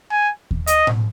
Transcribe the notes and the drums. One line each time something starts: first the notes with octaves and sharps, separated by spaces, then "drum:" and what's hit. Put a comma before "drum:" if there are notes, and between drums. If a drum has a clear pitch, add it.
G#5
drum: kick D#2
D#5, drum: hi-hat
drum: tom A2